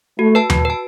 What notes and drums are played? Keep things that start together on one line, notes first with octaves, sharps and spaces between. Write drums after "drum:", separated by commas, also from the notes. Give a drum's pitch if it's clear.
A3 F#4
B4 A5
F#4, drum: tom D#2
B4 A5